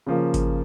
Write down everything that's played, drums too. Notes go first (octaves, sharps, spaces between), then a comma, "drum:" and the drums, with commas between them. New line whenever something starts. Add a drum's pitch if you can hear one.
C#3 F3 A#3
drum: kick G#1, hi-hat